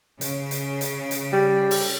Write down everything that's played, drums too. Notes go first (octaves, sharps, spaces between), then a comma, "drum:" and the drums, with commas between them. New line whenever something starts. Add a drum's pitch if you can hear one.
C#3, drum: hi-hat
drum: hi-hat
drum: hi-hat
drum: hi-hat
G3
drum: open hi-hat